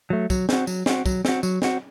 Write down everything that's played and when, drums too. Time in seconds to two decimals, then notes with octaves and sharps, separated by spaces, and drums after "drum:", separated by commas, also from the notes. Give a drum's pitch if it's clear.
0.10 F#3 A3
0.30 F#3, drum: kick, tambourine
0.49 C4 F#4, drum: snare
0.67 F#3, drum: tambourine
0.86 C4 F#4, drum: snare
1.06 F#3, drum: kick, tambourine
1.25 C4 F#4, drum: snare
1.43 F#3, drum: tambourine
1.62 C4 F#4, drum: snare